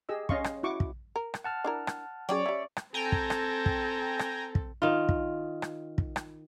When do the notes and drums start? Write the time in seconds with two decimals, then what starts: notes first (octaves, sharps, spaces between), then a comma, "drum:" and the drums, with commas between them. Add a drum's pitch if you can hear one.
0.09 G4 G#4 D#5 E6
0.29 C#4 D#5 F5 C6 C#6, drum: kick
0.44 drum: rim click
0.63 E4 F#4 C#6 D6
0.80 drum: kick
1.16 A#4
1.34 drum: rim click
1.44 F#5 A5 F6
1.64 D4 E4 A#4
1.87 drum: rim click
2.29 F#3 C#4 G#4 C#5 D5 G5
2.46 G3 C#4 E5
2.77 drum: rim click
2.94 C4 A4 G5 G#5 A#5
3.12 drum: kick
3.30 drum: rim click
3.66 drum: kick
4.19 drum: rim click
4.55 drum: kick
4.82 D#3 F4
5.09 drum: kick
5.62 drum: rim click
5.98 drum: kick
6.16 drum: rim click